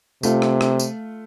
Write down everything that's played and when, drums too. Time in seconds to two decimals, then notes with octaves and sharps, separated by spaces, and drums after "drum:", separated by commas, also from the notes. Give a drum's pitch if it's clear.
0.23 C3 A3 F4, drum: tambourine
0.42 drum: rim click
0.61 drum: rim click
0.79 drum: tambourine